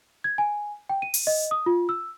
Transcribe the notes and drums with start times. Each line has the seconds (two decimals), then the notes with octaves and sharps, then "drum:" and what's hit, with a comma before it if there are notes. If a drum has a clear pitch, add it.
0.24 G#6
0.38 G#5
0.89 G5
1.02 D#7
1.14 drum: open hi-hat
1.27 D#5
1.51 D#6
1.66 F4
1.89 E6